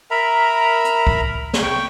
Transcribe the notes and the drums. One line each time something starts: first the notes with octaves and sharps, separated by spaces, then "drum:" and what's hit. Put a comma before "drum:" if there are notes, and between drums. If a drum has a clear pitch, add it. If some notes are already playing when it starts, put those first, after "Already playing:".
A#4 E5 A#5 B5
drum: hi-hat
drum: kick C#2
drum: snare
G5 C#6